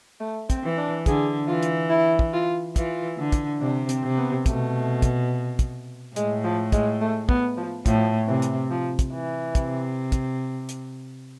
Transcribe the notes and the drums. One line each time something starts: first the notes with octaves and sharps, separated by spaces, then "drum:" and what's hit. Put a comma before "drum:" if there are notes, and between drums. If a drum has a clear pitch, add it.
A3
C4, drum: kick, hi-hat
E3
D4
D3 G#4, drum: kick, hi-hat
E3 F4
drum: hi-hat
E4
drum: kick
F4
E3 F4, drum: kick, hi-hat
D3
drum: kick, hi-hat
C3 D4
C4, drum: hi-hat
C3
B3
B2 A3, drum: kick, hi-hat
drum: kick, hi-hat
drum: kick, hi-hat
A2 G#3, drum: hi-hat
F3
G#3, drum: kick, hi-hat
A3
B3, drum: kick
F3
A2 F3, drum: kick, hi-hat
C3 E3
drum: hi-hat
F3
drum: kick, hi-hat
E3
C3, drum: kick, hi-hat
drum: kick, hi-hat
drum: hi-hat